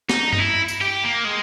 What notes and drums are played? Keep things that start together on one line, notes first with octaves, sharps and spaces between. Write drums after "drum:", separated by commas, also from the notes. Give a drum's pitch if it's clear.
D#4, drum: snare
D#4, drum: tom G2
E4
drum: tambourine
G4
A#3
G#3